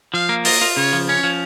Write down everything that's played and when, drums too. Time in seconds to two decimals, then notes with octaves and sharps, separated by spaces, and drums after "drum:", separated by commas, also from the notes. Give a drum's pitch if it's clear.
0.13 F3 F5
0.29 A#3
0.45 F4 D#5, drum: open hi-hat
0.61 F4
0.77 C#3 C#5
0.93 F3
1.08 C#4 C#5
1.24 F3